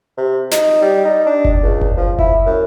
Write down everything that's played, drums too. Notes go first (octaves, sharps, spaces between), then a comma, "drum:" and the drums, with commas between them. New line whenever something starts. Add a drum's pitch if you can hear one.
C3
D#4, drum: snare
G3
D#4
D4
drum: kick F#1
C#2
drum: kick F#1
F3
E4, drum: kick F#1
F#2